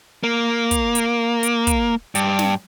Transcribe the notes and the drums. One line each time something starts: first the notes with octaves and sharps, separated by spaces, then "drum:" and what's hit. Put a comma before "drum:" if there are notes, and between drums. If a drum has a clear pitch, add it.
A#3
drum: kick, hi-hat
drum: hi-hat
drum: hi-hat
drum: kick, hi-hat
G2, drum: hi-hat
drum: snare